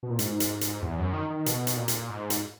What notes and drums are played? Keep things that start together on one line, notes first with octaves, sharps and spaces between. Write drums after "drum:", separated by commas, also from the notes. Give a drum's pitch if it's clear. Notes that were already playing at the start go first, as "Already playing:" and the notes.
B2
A#2
G#2, drum: hi-hat
drum: hi-hat
drum: hi-hat
E2
F#2
D#3
D#3
B2, drum: hi-hat
drum: hi-hat
A#2
drum: hi-hat
G#2
drum: hi-hat